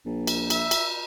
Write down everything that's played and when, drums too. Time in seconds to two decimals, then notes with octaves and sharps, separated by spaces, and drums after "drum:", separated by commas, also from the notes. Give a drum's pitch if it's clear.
0.06 A#1
0.27 drum: cymbal
0.50 E5, drum: cymbal
0.71 drum: cymbal